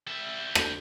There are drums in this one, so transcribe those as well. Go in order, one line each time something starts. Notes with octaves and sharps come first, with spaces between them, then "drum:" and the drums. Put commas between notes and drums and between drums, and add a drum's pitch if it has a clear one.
G3 E5
drum: rim click